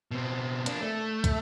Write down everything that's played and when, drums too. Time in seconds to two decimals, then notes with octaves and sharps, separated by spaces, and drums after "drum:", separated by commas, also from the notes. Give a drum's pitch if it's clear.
0.11 B2 C4
0.66 A#3 D4, drum: hi-hat
0.81 A3
1.24 drum: kick, hi-hat